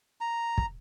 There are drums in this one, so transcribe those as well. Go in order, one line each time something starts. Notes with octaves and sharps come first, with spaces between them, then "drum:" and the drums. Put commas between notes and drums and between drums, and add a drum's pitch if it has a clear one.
A#5
drum: kick